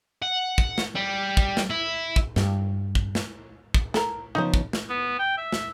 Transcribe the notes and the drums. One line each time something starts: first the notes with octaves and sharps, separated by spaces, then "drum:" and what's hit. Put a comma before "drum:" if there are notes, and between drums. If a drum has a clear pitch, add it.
F#5
drum: kick
drum: snare
G3
drum: kick
drum: snare
E4
drum: kick
G2, drum: snare
drum: kick
drum: snare
drum: kick
A4 A#4, drum: snare
C#3 F3 B3 D#4 C5
drum: kick
drum: snare
B3
G5
E5
drum: snare